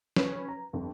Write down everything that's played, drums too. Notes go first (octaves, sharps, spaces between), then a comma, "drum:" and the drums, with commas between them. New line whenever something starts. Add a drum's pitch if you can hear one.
C#4 B4, drum: snare
A#5
G1 F2